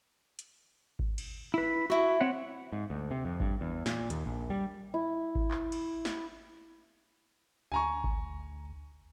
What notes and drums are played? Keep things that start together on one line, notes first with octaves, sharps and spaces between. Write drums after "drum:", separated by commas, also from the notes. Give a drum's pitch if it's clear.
drum: hi-hat
drum: kick G#1
drum: cymbal
E4 B4
E4 F#4 E5
C4 C#5 F#5
G#2
D2
C3
F2
G2, drum: kick G#1
E2
A#2, drum: snare
D#2, drum: hi-hat
A#1
G3
E4
drum: kick G#1
drum: clap
drum: cymbal
drum: snare
D2 G#5 A#5 C#6
drum: kick G#1